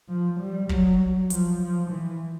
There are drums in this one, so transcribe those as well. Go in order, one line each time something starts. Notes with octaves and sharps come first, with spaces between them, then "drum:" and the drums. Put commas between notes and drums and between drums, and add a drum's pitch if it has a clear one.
F3
G3
F#3, drum: kick
F3, drum: hi-hat
F3
E3